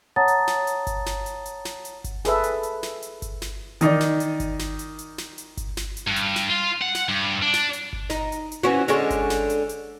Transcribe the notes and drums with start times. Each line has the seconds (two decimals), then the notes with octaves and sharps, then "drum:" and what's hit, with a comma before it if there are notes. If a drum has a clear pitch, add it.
0.16 C#5 F#5 A5 A#5 D#6 A6
0.28 drum: hi-hat
0.47 drum: snare
0.67 drum: hi-hat
0.87 drum: kick G1, hi-hat
1.06 drum: snare
1.26 drum: hi-hat
1.46 drum: hi-hat
1.65 drum: snare
1.85 drum: hi-hat
2.04 drum: kick G1, hi-hat
2.25 G#4 A4 B4 E5, drum: snare
2.44 drum: hi-hat
2.63 drum: hi-hat
2.83 drum: snare
3.02 drum: hi-hat
3.22 drum: kick G1, hi-hat
3.42 drum: snare
3.81 D#3 D#4 D5, drum: hi-hat
4.00 drum: snare
4.20 drum: hi-hat
4.40 drum: kick G1, hi-hat
4.59 drum: snare
4.79 drum: hi-hat
4.99 drum: hi-hat
5.18 drum: snare
5.38 drum: hi-hat
5.57 drum: kick G1, hi-hat
5.77 drum: snare
5.97 drum: hi-hat
6.07 G2
6.16 drum: hi-hat
6.36 drum: snare
6.49 F4
6.81 F#5
6.95 drum: snare
7.09 G2
7.42 D4
7.54 drum: snare
7.73 drum: hi-hat
7.93 drum: kick G1
8.10 D#4, drum: snare
8.32 drum: hi-hat
8.52 drum: hi-hat
8.63 E3 C#4 F#4
8.88 D3 G#3 C#4, drum: hi-hat
9.10 drum: kick G1, hi-hat
9.30 drum: snare
9.50 drum: hi-hat
9.69 drum: hi-hat